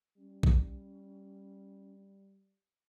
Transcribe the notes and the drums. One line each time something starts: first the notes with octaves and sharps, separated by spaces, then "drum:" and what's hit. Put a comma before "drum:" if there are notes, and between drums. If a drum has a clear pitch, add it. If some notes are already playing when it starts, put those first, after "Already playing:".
G3 C#4
drum: kick A#1